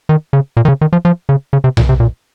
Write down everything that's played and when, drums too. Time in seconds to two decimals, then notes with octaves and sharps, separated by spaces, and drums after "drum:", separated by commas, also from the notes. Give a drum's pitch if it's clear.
0.09 D#3
0.33 C#3
0.57 A#2
0.65 D#3
0.68 C#3
0.81 D#3
0.93 F3
1.05 F3
1.29 C#3
1.53 C#3
1.64 C3
1.77 A#2, drum: tom B1
1.89 C3
2.00 A#2